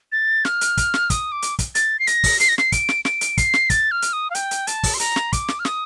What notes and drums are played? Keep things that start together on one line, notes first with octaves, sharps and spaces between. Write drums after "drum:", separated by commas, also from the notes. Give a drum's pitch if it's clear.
A6
F6, drum: snare
drum: hi-hat
drum: kick, hi-hat
drum: snare
D#6, drum: kick, hi-hat
D6
drum: hi-hat
drum: kick, hi-hat
A6, drum: hi-hat
C7
A#6, drum: hi-hat
drum: kick, open hi-hat
C7, drum: hi-hat
A#6
C7, drum: snare
D7, drum: kick, hi-hat
drum: snare
D7, drum: snare
drum: hi-hat
C7, drum: kick, hi-hat
drum: snare
A6, drum: kick, hi-hat
F6
drum: hi-hat
D#6
F5
G5, drum: hi-hat
drum: hi-hat
A5, drum: hi-hat
drum: kick, open hi-hat
C6
A#5, drum: hi-hat
drum: snare
D6, drum: kick, hi-hat
drum: snare
F6
D#6, drum: snare